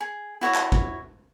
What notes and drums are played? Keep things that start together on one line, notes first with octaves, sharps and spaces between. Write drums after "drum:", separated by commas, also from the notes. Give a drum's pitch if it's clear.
G#4
E4 F#4 C#5 D#6
drum: clap
drum: kick